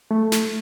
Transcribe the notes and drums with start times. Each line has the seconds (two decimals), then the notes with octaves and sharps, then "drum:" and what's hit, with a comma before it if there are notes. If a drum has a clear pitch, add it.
0.11 A3
0.32 drum: snare